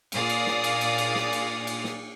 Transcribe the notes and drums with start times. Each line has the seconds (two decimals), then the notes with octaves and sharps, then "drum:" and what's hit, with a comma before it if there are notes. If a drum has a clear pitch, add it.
0.12 A#2 G#4 D5 F5 D#6, drum: cymbal
0.29 drum: cymbal
0.46 drum: snare
0.64 drum: cymbal
0.81 drum: cymbal
0.98 drum: cymbal
1.15 drum: snare
1.33 drum: cymbal
1.67 drum: cymbal
1.84 drum: snare